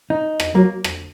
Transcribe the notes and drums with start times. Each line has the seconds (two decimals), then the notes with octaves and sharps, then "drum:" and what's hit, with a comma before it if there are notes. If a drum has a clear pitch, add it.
0.10 D#4
0.40 drum: rim click
0.54 F#3 A#3
0.84 drum: rim click